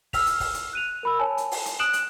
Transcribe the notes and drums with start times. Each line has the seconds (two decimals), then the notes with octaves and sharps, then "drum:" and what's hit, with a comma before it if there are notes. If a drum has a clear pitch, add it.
0.13 E6 F6 B6 F7, drum: kick, open hi-hat
0.26 drum: hi-hat
0.40 drum: kick, open hi-hat
0.54 drum: hi-hat
0.73 F#6 D#7 F7
1.03 A#4 B5 E6
1.19 C#5 G#5 A5
1.38 drum: hi-hat
1.52 drum: open hi-hat
1.65 drum: hi-hat
1.79 D#6 F#6 D7 E7 F#7
1.93 drum: hi-hat